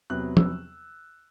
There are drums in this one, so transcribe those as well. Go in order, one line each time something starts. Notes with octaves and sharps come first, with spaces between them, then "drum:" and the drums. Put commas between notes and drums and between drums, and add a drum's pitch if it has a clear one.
E2 C3 F#3 B3 F#6
E6, drum: tom F3